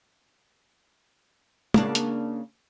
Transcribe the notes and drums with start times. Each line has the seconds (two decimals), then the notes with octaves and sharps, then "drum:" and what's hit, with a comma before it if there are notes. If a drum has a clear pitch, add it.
1.74 C#3 A#3 D4, drum: tom G#3
1.95 drum: hi-hat